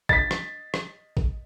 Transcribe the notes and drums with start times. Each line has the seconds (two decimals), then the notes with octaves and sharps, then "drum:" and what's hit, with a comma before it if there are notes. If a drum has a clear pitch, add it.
0.09 D#5 A6 B6, drum: kick
0.31 drum: rim click
0.74 drum: rim click
1.17 drum: kick